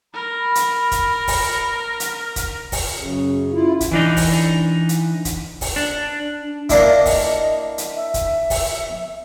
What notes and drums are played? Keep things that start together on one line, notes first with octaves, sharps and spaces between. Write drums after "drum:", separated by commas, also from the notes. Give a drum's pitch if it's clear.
A#4 B5
drum: hi-hat
drum: kick, hi-hat
drum: kick, open hi-hat
drum: hi-hat
drum: kick, hi-hat
drum: kick, open hi-hat
F#2 C#3
E4 F4
drum: kick, hi-hat
E3 D4 D#4
drum: kick, open hi-hat
drum: hi-hat
drum: kick, hi-hat
drum: kick, open hi-hat
D4
D4
A#3 D4 E4 D#5, drum: kick, hi-hat
drum: kick, open hi-hat
drum: hi-hat
E5
drum: kick, hi-hat
drum: kick, open hi-hat